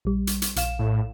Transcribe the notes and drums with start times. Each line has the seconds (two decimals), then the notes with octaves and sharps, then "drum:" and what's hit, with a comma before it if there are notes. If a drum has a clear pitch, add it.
0.05 A#1 G3
0.27 drum: hi-hat
0.42 drum: hi-hat
0.56 A#1 F5 E7, drum: hi-hat
0.79 A2